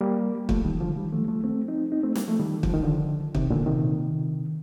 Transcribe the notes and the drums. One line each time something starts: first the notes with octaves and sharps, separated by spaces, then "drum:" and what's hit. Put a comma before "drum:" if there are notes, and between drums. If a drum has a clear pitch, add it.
G3 A#3
F3 A3, drum: kick
D#3 G3
D3 F3
D#3 G3
F3 A3
F3 A3
A3 C4
C4 D#4
C4 D#4
A3 C4
G3 A#3, drum: snare
F3 A3
D#3 G3
F3, drum: kick
D#3
D3 F3
C3 D#3, drum: kick
A#2 D3
C3 D#3